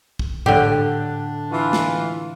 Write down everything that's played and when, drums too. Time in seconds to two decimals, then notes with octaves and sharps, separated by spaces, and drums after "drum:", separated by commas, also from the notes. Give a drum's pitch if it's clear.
0.19 drum: kick
0.46 A2 D3 D4 G4 G5, drum: tom G#2
1.52 E3 F4
1.73 drum: snare